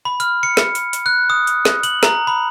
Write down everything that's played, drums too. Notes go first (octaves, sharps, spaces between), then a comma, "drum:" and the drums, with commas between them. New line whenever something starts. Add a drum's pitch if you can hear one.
B5
F6, drum: hi-hat
C#7
drum: snare
drum: hi-hat
drum: hi-hat
F#6
D#6
drum: hi-hat
drum: snare
F#7, drum: hi-hat
A#5, drum: snare
B5